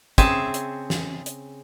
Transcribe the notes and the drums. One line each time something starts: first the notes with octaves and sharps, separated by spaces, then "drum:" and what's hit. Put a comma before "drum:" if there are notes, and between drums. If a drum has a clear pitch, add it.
C#3 C4 G#4 E5 A5, drum: kick, hi-hat
drum: hi-hat
drum: snare
drum: hi-hat